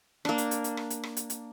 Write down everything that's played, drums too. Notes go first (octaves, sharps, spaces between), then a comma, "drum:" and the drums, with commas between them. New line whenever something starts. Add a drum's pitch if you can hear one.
A#3 D4, drum: rim click
drum: hi-hat
drum: hi-hat
drum: hi-hat
drum: rim click
drum: hi-hat
drum: rim click
drum: hi-hat
drum: hi-hat